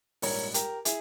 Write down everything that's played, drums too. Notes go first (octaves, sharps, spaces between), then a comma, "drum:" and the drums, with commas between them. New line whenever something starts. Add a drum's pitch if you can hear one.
A#1 G#2 G3 A#4 C#5, drum: open hi-hat
G4 A#4, drum: hi-hat
E4 G#4, drum: hi-hat